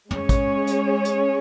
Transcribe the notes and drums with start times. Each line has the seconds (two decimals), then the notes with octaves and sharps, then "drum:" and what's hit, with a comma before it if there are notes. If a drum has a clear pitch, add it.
0.11 G#3 C#4 G#4 C#5, drum: tom
0.29 drum: kick, hi-hat
0.67 drum: hi-hat
1.05 drum: hi-hat